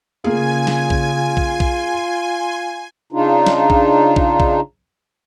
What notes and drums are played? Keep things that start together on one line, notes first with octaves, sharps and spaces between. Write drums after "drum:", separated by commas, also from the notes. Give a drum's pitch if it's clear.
C#3 A#3 F4 G#4 G#5 G#6
drum: snare
drum: kick A#1
C6, drum: kick A#1
drum: kick A#1
C#3 D4 D#4 F4
drum: snare
drum: kick A#1
drum: kick A#1
drum: kick A#1